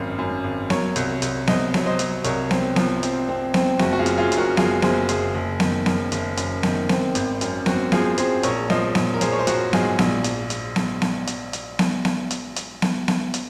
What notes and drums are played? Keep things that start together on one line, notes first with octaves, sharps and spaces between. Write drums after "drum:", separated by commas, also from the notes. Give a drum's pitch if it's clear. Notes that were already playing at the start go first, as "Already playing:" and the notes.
Already playing: G#1 F#2 D#3
F#2
G#1
F#3 A#4 C#5, drum: snare B3
C2, drum: hi-hat
C2, drum: hi-hat
C2 C5 D#5, drum: snare B3
F#3, drum: snare B3
C5 D#5
F#3, drum: hi-hat
C2 A#4 C#5, drum: hi-hat
C4, drum: snare B3
F3, drum: snare B3
C4, drum: hi-hat
C4
C4, drum: snare B3
F#1 F#4, drum: snare B3
F#4
F4 G#4
F#2, drum: hi-hat
F4 G#4
F#2, drum: hi-hat
F#4 A#4
F#1 F4 G#4, drum: snare B3
F#1 G#4 C5, drum: snare B3
F#1 G#4 C5, drum: hi-hat
F#1
D#3, drum: snare B3
F#2, drum: snare B3
F#1, drum: hi-hat
F#2, drum: hi-hat
D#3, drum: snare B3
C4, drum: snare B3
G#1, drum: hi-hat
F#2, drum: hi-hat
C4 F#4, drum: snare B3
F3 F4 G#4, drum: snare B3
C4 G#4 C5, drum: hi-hat
A#1 A#4 C#5, drum: hi-hat
F3 C5 D#5, drum: snare B3
A#1, drum: snare B3
A#4
F3 G#4 C5, drum: hi-hat
C#5
C5
F3 F#4 A#4, drum: hi-hat
G#2 F4 G#4, drum: snare B3
A#1, drum: snare B3
drum: hi-hat
drum: hi-hat
drum: snare B3
drum: snare B3
drum: hi-hat
drum: hi-hat
drum: snare B3
drum: snare B3
drum: hi-hat
drum: hi-hat
drum: snare B3
drum: snare B3
drum: hi-hat